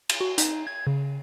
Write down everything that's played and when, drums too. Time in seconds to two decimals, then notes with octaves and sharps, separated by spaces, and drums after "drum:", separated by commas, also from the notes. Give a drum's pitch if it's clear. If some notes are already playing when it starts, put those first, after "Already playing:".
0.09 drum: cymbal
0.21 F#4
0.38 D#4, drum: hi-hat
0.67 G#6
0.87 C#3